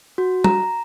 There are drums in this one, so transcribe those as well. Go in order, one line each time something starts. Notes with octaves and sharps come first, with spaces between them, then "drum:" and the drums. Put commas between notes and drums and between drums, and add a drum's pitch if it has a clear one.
F#4
A#5, drum: tom